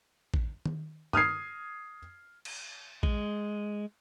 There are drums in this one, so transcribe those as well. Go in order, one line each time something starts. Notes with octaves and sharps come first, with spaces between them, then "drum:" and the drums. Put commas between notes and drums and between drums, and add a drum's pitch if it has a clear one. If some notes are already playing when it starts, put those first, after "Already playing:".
drum: kick A1
drum: tom D#3
D#6 F6 G#6 C7, drum: tom G2
drum: cymbal
G#3, drum: kick A1